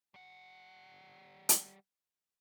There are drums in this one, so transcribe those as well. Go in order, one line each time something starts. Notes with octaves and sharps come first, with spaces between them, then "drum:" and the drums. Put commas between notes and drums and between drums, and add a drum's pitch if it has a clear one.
G3 F#5
drum: hi-hat